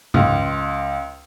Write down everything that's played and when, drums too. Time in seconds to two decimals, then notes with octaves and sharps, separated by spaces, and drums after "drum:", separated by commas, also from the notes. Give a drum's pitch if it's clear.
0.14 C#2, drum: tom G2